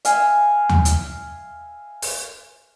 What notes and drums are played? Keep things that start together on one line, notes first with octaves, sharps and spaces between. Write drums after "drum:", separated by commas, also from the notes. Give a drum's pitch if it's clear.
E5 F5 G#5, drum: hi-hat
drum: tom D#2
drum: hi-hat
drum: open hi-hat